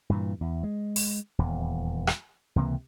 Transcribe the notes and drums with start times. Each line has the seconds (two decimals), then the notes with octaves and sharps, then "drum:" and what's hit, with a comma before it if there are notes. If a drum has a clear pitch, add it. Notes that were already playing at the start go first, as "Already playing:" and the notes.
0.10 G2 A#2 E3
0.41 E2
0.63 G#3
0.96 drum: open hi-hat
1.38 D#1 E2
2.07 drum: rim click
2.56 C#2 C3 E3 A#3